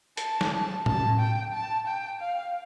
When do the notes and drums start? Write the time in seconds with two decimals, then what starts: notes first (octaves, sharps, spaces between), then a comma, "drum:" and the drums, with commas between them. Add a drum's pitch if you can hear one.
0.17 A5, drum: hi-hat
0.41 drum: snare
0.51 A5
0.86 A5, drum: tom A2
1.19 G5
1.54 A5
1.87 G5
2.22 F5